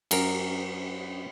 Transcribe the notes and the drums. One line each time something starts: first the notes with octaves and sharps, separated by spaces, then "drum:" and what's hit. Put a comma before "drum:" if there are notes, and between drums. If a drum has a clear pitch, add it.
F#2 A#4, drum: cymbal